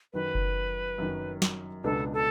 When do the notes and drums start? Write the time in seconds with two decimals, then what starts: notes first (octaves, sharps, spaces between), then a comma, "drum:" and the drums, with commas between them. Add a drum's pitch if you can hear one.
0.13 F#2 D#3 F#3 B4
0.35 drum: kick F#1
0.98 F#2 D#3 F#3
1.42 drum: snare
1.84 C#2 B2 G#3 B3 D4 A4
2.13 A4